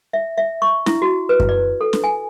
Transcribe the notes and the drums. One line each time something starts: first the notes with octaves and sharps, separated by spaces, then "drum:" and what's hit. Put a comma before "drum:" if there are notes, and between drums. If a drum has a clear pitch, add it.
E5
E5
C#6
E4, drum: snare
F#4
B4
drum: kick F#2
D5
A4
drum: snare
G#5